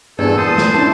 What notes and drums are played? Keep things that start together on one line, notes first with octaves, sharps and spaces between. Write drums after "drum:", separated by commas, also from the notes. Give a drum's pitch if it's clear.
E2 G2 A#2 D4 G#4 A4
C5 A5 D#6
drum: snare
C#4 D4 E4 A5